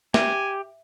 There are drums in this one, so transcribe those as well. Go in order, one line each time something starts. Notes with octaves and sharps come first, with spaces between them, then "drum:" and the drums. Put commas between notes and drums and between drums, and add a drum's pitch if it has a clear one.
G4 E5 G#5, drum: snare